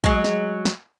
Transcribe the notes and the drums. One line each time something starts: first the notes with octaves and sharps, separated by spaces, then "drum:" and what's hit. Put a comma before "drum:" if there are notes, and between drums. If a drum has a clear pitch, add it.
F#3 G#3, drum: kick
drum: snare
drum: snare